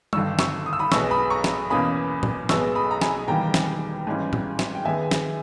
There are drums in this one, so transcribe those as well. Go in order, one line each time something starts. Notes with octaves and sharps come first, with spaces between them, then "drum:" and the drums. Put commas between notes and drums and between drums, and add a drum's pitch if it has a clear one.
G1 G2 D#3 C#6 E6, drum: tom G3
C#6 E6, drum: snare
D#6
E6
B5 D#6
B1 B2 G#3 B3 C#6 E6, drum: snare
B5 D#6
A#5 C#6
drum: snare
E2 B2 A#3 C#4 B5 D#6
drum: tom A2
B1 B2 G#3 B3 C#6 E6, drum: snare
B5 D#6
A#5
G#5 B5, drum: snare
E1 E2 D#3 G3 A#3 G5 A#5
drum: snare
G#1 G#2 E3 G3 C#4
drum: tom A2
drum: snare
G5
D#2 D#3 G#3 B3 E5 G#5
drum: snare